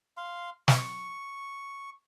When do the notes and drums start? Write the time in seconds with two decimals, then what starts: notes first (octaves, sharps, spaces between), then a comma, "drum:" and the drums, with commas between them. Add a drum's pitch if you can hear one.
0.17 F5 C6
0.68 C#6, drum: snare